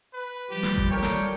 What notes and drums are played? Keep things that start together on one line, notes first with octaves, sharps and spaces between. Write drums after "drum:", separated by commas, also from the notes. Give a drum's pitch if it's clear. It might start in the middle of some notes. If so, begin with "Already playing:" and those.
B4
F3 G3 G4
drum: snare
drum: kick G1
A4 A#4 C#5 D5 G5
drum: snare